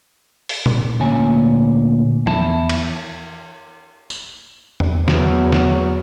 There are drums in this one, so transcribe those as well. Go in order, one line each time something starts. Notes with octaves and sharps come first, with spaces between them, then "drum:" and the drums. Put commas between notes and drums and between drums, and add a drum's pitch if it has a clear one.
drum: open hi-hat
drum: tom A#2
D2 A#2 C#4 G#5
E2 E4 A5, drum: tom E3
drum: cymbal
drum: tambourine
drum: tom E2
E2 F#3, drum: snare
drum: snare